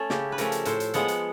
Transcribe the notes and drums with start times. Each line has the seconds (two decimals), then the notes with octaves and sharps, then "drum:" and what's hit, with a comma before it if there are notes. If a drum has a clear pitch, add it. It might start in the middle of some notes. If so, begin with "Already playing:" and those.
Already playing: A3 C#4 A4
0.10 C#3 G4, drum: snare
0.32 B4
0.38 F3 A3 C#4 A#4, drum: hi-hat
0.52 drum: hi-hat
0.65 A2 C5, drum: hi-hat
0.80 drum: hi-hat
0.94 F3 G#3 B3 F#5, drum: hi-hat
1.08 drum: hi-hat